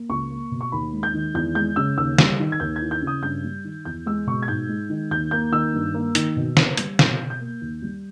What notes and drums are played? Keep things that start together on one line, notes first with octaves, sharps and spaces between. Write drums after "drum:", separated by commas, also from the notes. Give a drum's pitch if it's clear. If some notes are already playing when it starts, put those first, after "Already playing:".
Already playing: A#3
C#2 C#6
A#3
B2
C#6
D#2 B5
G#3
G6
D#3
E2 G6
G#3 G6
C#3 E6
D#2 E6
G3, drum: snare
D#3
G#6
D#2 G6
G#6
E3
G6
C#3
D#6
G2 G6
G3
D#3
E2 G6
G#3 E6
B2 C#6
G#6
G#2 G6
G#3
D#3
D#2 G6
A#3 G6
D#3 E6
G2
A#3
D#3, drum: hi-hat
B2
B3, drum: snare
G3, drum: hi-hat
B2 G6, drum: snare
B2
G6
A#3
D#2
G3